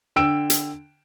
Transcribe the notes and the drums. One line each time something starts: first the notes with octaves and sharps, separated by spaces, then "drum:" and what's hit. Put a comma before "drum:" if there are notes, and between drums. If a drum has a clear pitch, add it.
D3 G5 E6 D7 E7
drum: hi-hat